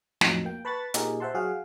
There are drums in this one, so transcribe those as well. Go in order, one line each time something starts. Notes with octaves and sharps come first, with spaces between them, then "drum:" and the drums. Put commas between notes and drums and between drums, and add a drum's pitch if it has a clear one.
F2 A2 F#3 D#4, drum: snare
A#3 G5
B4 A5 B5 C#6 F#6 A6
A#2 D#4 G4 G#4 A#4, drum: hi-hat
C5 E5 F#5 A5 C6
F#3 F#4 G#4 F5 F#5